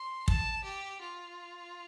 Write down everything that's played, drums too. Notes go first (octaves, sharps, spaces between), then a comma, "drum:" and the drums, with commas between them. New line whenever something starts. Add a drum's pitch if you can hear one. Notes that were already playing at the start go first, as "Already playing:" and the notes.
Already playing: C6
A5, drum: kick
G4
F4